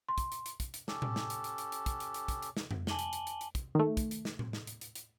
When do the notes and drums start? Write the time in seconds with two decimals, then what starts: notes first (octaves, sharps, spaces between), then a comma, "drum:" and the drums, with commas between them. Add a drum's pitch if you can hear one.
0.09 C6
0.18 drum: kick, hi-hat
0.32 drum: hi-hat
0.46 drum: hi-hat
0.60 drum: kick, hi-hat
0.74 drum: hi-hat
0.88 C#4 G4 A4, drum: snare
1.02 drum: tom A2
1.16 drum: snare
1.30 drum: hi-hat
1.44 drum: hi-hat
1.58 drum: hi-hat
1.72 drum: hi-hat
1.86 drum: kick, hi-hat
2.00 drum: hi-hat
2.14 drum: hi-hat
2.28 drum: kick, hi-hat
2.42 drum: hi-hat
2.57 drum: snare
2.71 drum: tom F2
2.87 G#5 A5 D6 D#7 F#7 G7, drum: snare
2.99 drum: hi-hat
3.13 drum: hi-hat
3.27 drum: hi-hat
3.41 drum: hi-hat
3.55 drum: kick, hi-hat
3.75 D#3 A3
3.97 drum: kick, hi-hat
4.11 drum: hi-hat
4.25 drum: snare
4.39 drum: tom A2
4.53 drum: snare
4.67 drum: hi-hat
4.81 drum: hi-hat
4.95 drum: hi-hat